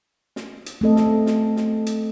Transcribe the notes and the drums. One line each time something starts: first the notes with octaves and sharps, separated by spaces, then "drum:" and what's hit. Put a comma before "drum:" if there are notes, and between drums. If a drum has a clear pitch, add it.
drum: snare
drum: hi-hat
A3 C4 A4 D#5
drum: snare
drum: snare
drum: snare
drum: hi-hat